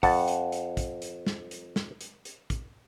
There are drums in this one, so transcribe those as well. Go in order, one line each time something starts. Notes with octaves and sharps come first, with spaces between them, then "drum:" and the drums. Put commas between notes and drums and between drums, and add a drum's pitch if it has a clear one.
F2 F#5 A5, drum: kick, open hi-hat
drum: hi-hat
drum: hi-hat
drum: kick, hi-hat
drum: hi-hat
drum: snare
drum: hi-hat
drum: snare
drum: hi-hat
drum: hi-hat
drum: kick, hi-hat